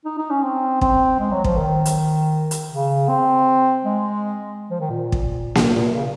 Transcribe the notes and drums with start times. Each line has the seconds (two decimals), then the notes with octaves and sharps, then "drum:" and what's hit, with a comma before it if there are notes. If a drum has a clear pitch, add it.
0.05 D#4
0.18 D#4
0.31 C#4
0.43 C4
0.81 C4, drum: kick
1.19 G#3
1.32 F#3
1.44 F3, drum: kick
1.57 D#3
1.85 drum: hi-hat
2.51 drum: hi-hat
2.71 C#3
3.09 C4
3.85 G#3
4.70 F3
4.80 D#3
4.90 A#2
5.12 drum: kick
5.55 drum: snare A#3
5.75 A#2
5.85 C3
5.94 C#3